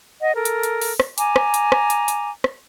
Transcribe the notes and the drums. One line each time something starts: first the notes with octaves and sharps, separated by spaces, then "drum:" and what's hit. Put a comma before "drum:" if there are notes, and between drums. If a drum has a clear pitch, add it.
D#5 F#5
A4 A#4
drum: hi-hat
drum: hi-hat
drum: open hi-hat
drum: rim click
G#5 A#5 D6, drum: hi-hat
drum: rim click
drum: hi-hat
drum: rim click
drum: hi-hat
drum: hi-hat
drum: rim click